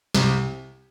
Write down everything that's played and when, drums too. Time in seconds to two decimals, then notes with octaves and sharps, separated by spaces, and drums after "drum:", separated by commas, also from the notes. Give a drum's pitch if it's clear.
0.15 C2, drum: snare